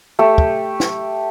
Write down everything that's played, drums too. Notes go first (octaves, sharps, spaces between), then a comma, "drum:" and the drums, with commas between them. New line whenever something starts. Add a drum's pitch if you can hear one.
A3 G4
drum: kick
drum: snare